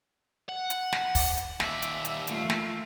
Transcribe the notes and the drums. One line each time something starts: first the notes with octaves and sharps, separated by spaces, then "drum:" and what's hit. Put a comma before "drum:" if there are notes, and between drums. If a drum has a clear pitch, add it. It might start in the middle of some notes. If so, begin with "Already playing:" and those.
F#5
drum: hi-hat
drum: snare
drum: kick, open hi-hat
drum: hi-hat
D#2 D5 E5, drum: snare
drum: hi-hat
drum: hi-hat
A3 F4, drum: hi-hat
drum: snare